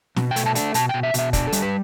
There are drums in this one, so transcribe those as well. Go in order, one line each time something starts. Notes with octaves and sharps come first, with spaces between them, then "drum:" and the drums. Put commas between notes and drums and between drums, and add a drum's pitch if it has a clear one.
B2, drum: snare
G5
A3, drum: hi-hat
A5
D4, drum: hi-hat
B2 A5, drum: hi-hat
B2 G5
E5
B2 E5, drum: hi-hat
D4 D5, drum: kick, hi-hat
A4
G3, drum: hi-hat
B4